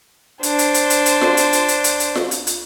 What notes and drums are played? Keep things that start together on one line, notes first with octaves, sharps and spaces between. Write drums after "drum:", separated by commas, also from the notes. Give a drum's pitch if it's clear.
D4 C5, drum: hi-hat
drum: hi-hat
drum: hi-hat
drum: hi-hat
drum: hi-hat
drum: snare F4
drum: hi-hat
drum: hi-hat
drum: hi-hat
drum: hi-hat
drum: hi-hat
drum: snare F4
drum: hi-hat
drum: hi-hat